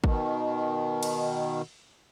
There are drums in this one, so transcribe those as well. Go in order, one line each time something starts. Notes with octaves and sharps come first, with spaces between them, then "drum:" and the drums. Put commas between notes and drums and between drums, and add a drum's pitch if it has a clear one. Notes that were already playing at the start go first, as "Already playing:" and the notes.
B2 D#3, drum: kick
drum: cymbal